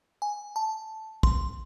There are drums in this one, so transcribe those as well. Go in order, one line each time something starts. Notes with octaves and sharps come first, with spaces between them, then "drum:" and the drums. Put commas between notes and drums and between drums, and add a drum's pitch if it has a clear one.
G#5
A5
C6, drum: kick